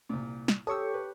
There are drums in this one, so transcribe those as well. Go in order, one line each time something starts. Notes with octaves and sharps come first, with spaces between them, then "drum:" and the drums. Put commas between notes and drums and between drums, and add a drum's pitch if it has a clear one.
C2 A#2
drum: snare
G4 A4 C#5 C#6 D#6 E6
B4